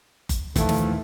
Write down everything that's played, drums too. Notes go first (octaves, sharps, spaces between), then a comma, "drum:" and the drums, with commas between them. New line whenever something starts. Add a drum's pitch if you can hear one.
drum: kick F#1, hi-hat
D#2 A#2 E3 F3 A3, drum: kick F#1, hi-hat
drum: snare